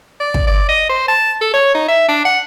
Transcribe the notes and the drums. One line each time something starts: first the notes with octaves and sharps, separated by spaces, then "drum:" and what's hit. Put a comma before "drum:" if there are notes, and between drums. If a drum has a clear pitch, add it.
D5
drum: kick
D5
D#5
C5
A5
A4
C#5
D#4
E5
D4
F#5